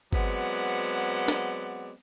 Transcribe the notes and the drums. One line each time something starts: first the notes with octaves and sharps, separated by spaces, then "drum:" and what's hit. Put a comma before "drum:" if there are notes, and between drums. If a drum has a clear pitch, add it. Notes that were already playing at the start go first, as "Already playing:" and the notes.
F#3 G#3 B3 C4 D5 F#5, drum: kick G1
drum: snare